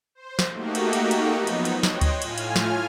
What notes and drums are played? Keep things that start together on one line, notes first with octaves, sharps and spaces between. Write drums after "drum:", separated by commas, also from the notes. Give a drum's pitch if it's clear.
C5
drum: snare
A3 A#3 D#4 F#4 G4
drum: cymbal
drum: cymbal
drum: cymbal
F3 F#3 B3 D#4
drum: cymbal
drum: cymbal
C#5 D#5 G5 C6 F#6 A#6, drum: snare
drum: kick D2, cymbal
A2 F4 G#5 F6, drum: cymbal
drum: cymbal
drum: snare